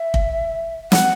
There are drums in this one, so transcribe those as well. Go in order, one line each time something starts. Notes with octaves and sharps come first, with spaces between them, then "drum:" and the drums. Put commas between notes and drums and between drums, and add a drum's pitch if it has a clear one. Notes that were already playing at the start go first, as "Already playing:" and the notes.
Already playing: E5
drum: kick
F#5, drum: snare